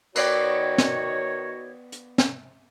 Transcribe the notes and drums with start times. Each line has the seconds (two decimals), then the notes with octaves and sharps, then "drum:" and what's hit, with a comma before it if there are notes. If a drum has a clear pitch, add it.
0.16 D#3 B3 F#4 C#5 D5 G5, drum: cymbal
0.78 drum: snare
1.92 drum: hi-hat
2.18 drum: snare